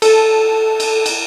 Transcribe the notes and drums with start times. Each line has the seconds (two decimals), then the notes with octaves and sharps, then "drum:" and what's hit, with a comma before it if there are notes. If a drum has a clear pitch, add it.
0.02 A4, drum: cymbal
0.80 drum: cymbal
1.06 drum: cymbal